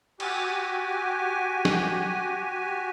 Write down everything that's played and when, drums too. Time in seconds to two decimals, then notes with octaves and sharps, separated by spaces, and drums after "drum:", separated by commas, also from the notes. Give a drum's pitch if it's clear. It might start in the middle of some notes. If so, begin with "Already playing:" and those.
0.20 F#4 G4 G#5, drum: cymbal
1.65 drum: snare